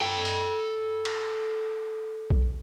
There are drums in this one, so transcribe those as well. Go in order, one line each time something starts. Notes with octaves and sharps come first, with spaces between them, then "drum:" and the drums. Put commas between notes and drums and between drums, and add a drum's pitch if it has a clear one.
A4 G5
drum: open hi-hat
drum: cymbal
drum: kick